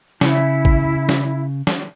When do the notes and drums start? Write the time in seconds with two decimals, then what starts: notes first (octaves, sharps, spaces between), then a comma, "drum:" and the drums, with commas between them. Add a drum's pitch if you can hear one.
0.21 C#3 E4, drum: snare
0.65 drum: kick
1.09 drum: snare
1.67 drum: snare